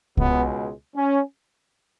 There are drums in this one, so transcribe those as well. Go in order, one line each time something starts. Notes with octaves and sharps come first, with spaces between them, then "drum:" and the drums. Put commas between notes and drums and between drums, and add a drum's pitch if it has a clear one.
C#2 B2 G#3 B3, drum: kick C2
C#4